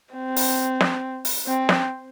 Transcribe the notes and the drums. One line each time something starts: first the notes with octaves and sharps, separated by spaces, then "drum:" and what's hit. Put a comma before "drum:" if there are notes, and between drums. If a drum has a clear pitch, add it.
C4
drum: open hi-hat
drum: snare
drum: open hi-hat
C4
drum: snare